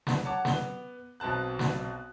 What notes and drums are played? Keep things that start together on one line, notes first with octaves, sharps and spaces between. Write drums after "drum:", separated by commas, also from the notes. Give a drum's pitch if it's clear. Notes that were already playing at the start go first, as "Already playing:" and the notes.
drum: snare
C#5 F#5 A5 D6
B3 G7, drum: snare
B1 B2 C4 A5 F#6
drum: snare